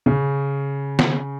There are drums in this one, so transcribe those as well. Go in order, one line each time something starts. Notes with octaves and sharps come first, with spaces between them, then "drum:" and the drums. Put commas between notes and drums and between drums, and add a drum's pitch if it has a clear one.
C#3
drum: snare